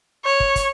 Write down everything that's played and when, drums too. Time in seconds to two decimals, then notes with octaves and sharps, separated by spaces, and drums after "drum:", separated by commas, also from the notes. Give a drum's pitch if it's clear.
0.25 C#5
0.40 drum: kick
0.56 drum: kick, hi-hat